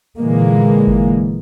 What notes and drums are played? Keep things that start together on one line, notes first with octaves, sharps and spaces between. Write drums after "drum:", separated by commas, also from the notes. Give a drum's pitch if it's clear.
A#2 D3 E3 G#3 A#3
drum: kick G1